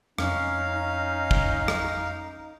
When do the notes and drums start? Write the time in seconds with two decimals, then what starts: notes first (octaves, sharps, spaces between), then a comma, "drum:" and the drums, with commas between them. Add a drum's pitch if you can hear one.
0.18 F2 C#4 D#4 F5, drum: rim click
1.31 drum: kick
1.68 drum: rim click